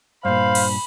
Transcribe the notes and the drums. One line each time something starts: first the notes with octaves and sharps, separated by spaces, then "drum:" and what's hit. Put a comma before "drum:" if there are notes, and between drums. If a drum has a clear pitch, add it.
G2 A#2 C5 F5 B5
drum: cymbal